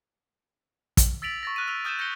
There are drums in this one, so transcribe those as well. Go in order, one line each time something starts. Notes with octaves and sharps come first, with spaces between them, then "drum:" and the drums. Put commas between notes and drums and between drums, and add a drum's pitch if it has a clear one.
drum: kick, hi-hat
E6 A6 B6 D7 F7 F#7
C#6 A6 A#6
F6 F#6 A#6 D#7
E6 F6 F7
D#6 F6 G6 A6 D#7 E7
G6 A#6 C#7 G7